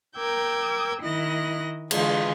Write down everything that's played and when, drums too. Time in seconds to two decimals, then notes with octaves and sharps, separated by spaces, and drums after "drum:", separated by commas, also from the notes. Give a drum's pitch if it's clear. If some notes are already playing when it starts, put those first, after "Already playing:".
0.16 A#4 G5 D6 E6 G6 G#6
1.02 D#3 E4 D#5 F#6 A#6
1.91 D3 E3 G#3 F4 G#4, drum: cymbal